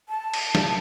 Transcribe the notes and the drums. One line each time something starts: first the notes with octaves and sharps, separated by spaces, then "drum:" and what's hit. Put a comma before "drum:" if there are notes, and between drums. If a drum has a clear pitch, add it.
A5
drum: cymbal
drum: snare